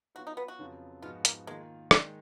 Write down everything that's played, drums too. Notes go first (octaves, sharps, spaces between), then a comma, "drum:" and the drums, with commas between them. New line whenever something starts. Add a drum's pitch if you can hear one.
F#3 B3 F4 F#4
D#4
B3
F#4
F2 C#3 F#3 B3 F4
G#2 F3 B3 D#4 F4 F#4
A#3, drum: hi-hat
D#3 G#3 A#3 F4 A#4
D#3 G#3 D#4, drum: rim click